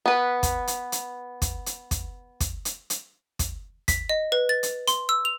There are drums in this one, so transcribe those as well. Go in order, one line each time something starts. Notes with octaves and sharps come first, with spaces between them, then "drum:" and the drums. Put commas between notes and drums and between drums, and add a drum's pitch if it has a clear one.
B3 B4
drum: kick, hi-hat
drum: hi-hat
drum: hi-hat
drum: kick, hi-hat
drum: hi-hat
drum: kick, hi-hat
drum: kick, hi-hat
drum: hi-hat
drum: hi-hat
drum: kick, hi-hat
B6, drum: kick, hi-hat
D#5
B4
A6
drum: hi-hat
C6, drum: hi-hat
E6
F7